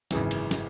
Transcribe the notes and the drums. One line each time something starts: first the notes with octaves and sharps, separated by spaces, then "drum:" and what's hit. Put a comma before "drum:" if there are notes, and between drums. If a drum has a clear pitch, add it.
G#1 F#2 C#3 E3, drum: snare
drum: cymbal
drum: snare